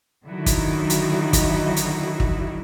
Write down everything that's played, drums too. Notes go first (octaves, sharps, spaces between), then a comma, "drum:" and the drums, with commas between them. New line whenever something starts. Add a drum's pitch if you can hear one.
D3 D#3 F#3 D#4 E4 F#4
drum: kick, hi-hat
drum: hi-hat
drum: kick, hi-hat
drum: hi-hat
drum: kick